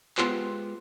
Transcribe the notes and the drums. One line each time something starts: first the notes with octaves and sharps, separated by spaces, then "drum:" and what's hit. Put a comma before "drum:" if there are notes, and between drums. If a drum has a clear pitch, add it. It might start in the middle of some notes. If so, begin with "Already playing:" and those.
G#3 B3 F4 G4 C5, drum: clap